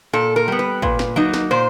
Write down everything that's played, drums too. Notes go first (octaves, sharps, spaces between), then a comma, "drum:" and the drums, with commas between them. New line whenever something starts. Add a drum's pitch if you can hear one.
A#2 A4
A#4
G3 B3
B4
A#2, drum: kick
drum: snare
F#3 A#3 D#4
drum: snare
A#2 C5